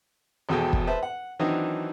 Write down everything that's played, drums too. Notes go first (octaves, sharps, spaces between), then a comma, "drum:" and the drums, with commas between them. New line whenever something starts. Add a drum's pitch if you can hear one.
G#1 E2 B2 A4 G5
drum: kick
B4 C5 E5 A5
F#5
D#3 E3 F#3 C4 D4 D#4